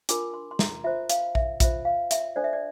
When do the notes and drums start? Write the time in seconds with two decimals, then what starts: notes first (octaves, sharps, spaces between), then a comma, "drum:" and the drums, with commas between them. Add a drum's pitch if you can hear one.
0.09 D4 F4 A#4 D6, drum: hi-hat
0.34 C6
0.51 C6
0.59 A#5, drum: snare
0.84 F4 C5 E5
1.10 F5, drum: hi-hat
1.35 E5, drum: kick A#1
1.60 F4 C5 E5, drum: kick A#1, hi-hat
1.85 F5
2.11 E5, drum: hi-hat
2.36 D4 A4 C5 D5
2.44 E5
2.53 D5